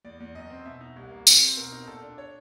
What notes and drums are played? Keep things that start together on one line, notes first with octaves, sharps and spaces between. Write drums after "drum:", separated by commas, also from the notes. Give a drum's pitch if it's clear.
E2 D5
E2
F#2 D#5
C4
B2 E5
D#4
C2
A#3
C3, drum: tambourine
C4
B2 A#4
D#4
A#2 A4
D4
C#5